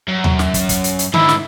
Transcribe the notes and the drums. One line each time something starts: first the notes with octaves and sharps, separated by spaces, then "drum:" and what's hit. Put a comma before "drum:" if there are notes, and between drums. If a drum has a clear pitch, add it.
F#2
drum: tom D#2
drum: snare
drum: kick, hi-hat
drum: kick, hi-hat
drum: hi-hat
drum: hi-hat
G#2 D3 E4, drum: tom D3
drum: snare